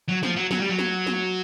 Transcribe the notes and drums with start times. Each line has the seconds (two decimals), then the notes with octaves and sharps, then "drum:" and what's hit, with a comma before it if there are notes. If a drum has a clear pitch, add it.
0.08 F#3
0.23 F3, drum: snare
0.36 F#3
0.51 F#3, drum: snare
0.59 G3
0.69 F#3
0.79 drum: snare
1.07 drum: snare